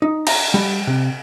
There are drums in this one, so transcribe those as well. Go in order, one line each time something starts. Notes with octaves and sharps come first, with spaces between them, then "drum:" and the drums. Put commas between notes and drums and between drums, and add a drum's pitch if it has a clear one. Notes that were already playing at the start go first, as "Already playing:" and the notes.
D#4
A#5, drum: cymbal
G3
C3